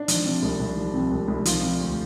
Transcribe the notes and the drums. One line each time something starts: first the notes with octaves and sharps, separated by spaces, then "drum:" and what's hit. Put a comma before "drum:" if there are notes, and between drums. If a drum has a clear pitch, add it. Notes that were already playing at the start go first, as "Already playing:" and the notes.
Already playing: D4
F3, drum: hi-hat
C3
C2
C2
F3
C3
C2
C2
F3 F4, drum: hi-hat
C3
D2